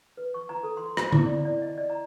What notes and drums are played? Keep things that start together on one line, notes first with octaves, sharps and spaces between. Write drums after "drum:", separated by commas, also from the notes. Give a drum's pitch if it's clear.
B4
C#6
A#5
A4
C6
C5, drum: rim click
E4, drum: tom
D5
D5
D#5
D5
A#5